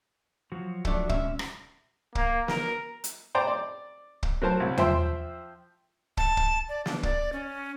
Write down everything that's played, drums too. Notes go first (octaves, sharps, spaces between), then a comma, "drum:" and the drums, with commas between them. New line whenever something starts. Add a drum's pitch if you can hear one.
F3 F#3 F#4
A3 D4, drum: kick
B2 G#3 C#4 E5, drum: kick
drum: rim click
A#3, drum: kick
A#4, drum: snare
drum: hi-hat
C5 D5 G5 A#5 C6 D6
D5
drum: kick
F#3 A#4 C5 A5
C2
F3 C5 E5 G5 C6, drum: tom E2
A5, drum: kick
drum: kick
D5
D4, drum: snare
D5, drum: kick
C#4